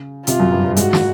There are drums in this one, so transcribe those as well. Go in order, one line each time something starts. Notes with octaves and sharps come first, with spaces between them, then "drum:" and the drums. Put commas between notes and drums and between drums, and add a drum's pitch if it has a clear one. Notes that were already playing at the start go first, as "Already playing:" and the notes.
Already playing: C#3
C3 F4, drum: hi-hat
F#2
G2
G2
G#2 F#4, drum: hi-hat
drum: snare